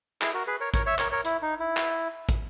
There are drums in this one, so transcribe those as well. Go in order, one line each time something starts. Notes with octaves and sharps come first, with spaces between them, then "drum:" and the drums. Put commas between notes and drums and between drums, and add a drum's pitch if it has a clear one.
E4 G#4, drum: clap
F#4 A#4
G#4 B4
A#4 C#5
A#4 C#5, drum: kick, hi-hat
C#5 E5
A#4 C#5, drum: clap
A#4 C#5
E4, drum: hi-hat
D#4
E4
drum: clap
drum: kick, hi-hat